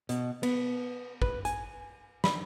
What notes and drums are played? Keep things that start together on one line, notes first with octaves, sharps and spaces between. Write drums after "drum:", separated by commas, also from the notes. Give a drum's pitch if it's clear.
B2, drum: hi-hat
B3, drum: cymbal
B4, drum: kick
G#5, drum: hi-hat
B5, drum: snare